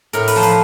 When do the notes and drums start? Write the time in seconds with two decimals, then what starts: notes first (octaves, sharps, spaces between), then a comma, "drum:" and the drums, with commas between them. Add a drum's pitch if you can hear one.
0.13 A2 A#4, drum: hi-hat
0.28 B4, drum: open hi-hat
0.36 F3 C5
0.43 B4, drum: hi-hat